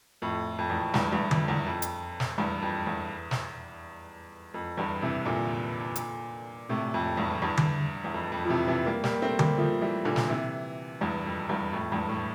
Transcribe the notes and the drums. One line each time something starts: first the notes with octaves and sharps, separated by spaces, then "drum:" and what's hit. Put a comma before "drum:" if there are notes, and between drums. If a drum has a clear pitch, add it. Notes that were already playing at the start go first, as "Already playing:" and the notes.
F2 A2
F2
E2
F2
E2 G2, drum: snare
E2 G2
F2, drum: tom D3
E2
F2
drum: hi-hat
drum: snare
E2 G2
F2
E2
drum: snare
F2
E2 G2
C3 E3
A#2 D3
drum: hi-hat
A2 C3
F2
E2 G2
E2 G2
drum: tom D3
E2
F2
F2
F3
C3 E3
C3 E3
G3 A#3
G3 A#3, drum: snare
A3 C4
G3 A#3, drum: tom D3
F3 A3
E3 G3
A#2 D3
drum: snare
C3 E3
E2 G2
F2
E2 G2
F2 A2
E2 G2
A2